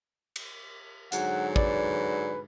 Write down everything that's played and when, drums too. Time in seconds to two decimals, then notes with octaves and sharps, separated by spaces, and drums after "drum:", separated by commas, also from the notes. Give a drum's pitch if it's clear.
0.36 drum: cymbal
1.12 G#2 D3 F#3 F#5, drum: hi-hat
1.56 B4 D5, drum: kick